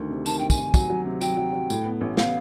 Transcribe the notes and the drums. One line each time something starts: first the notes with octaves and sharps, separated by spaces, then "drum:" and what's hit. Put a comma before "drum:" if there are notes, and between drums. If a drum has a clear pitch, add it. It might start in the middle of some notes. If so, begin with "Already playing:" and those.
Already playing: D2 D#3
C3
D#3 A5, drum: tambourine
D#3 G5
G#5, drum: kick, tambourine
D#3
F#3, drum: kick, tambourine
F#3
C3
F#3 G5, drum: tambourine
F#3
F#3
A2, drum: tambourine
B3
A1
B3 F5, drum: snare